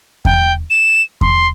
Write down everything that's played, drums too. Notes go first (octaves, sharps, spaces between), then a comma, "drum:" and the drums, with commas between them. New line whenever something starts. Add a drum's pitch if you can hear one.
G5, drum: kick E2
E7
C6, drum: kick E2